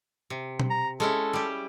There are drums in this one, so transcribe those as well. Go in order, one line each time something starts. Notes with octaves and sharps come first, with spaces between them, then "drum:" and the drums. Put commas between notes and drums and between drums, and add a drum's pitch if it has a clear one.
C3
drum: tom B2
A#5
G#3 C#4 E4 A4
G3 G4